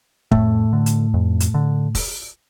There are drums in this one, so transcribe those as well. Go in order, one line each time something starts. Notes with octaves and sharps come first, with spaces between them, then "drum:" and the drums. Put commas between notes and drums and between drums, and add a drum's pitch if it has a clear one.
F2 A2 A3, drum: kick
D3
drum: hi-hat
F2
drum: hi-hat
D3
drum: kick, open hi-hat